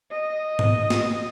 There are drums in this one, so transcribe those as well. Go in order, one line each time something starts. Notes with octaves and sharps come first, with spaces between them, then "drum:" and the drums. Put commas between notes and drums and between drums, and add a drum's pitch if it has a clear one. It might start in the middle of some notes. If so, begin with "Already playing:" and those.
D#5
drum: tom G#2
drum: snare